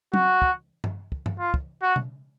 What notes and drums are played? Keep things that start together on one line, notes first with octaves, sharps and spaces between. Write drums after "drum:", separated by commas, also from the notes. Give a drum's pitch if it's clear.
F#4, drum: tom
drum: kick
drum: tom G2
drum: kick
drum: tom G2
F4
drum: kick
F#4
drum: tom B2